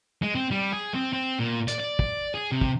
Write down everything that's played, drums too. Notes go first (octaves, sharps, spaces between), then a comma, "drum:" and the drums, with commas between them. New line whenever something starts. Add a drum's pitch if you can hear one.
G#3
C4
G3
G#4
C4
C4
A#2
D5, drum: hi-hat
D5
drum: kick
G#4
C3
drum: kick